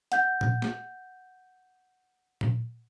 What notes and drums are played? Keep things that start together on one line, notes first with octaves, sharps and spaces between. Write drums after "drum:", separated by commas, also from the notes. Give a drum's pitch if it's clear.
F#5 G6, drum: hi-hat
drum: tom A#2
drum: snare
drum: tom A#2